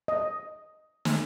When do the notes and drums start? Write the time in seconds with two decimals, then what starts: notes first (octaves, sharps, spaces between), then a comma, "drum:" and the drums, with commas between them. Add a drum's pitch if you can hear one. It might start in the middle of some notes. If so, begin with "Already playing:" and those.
0.08 D#5
1.05 drum: snare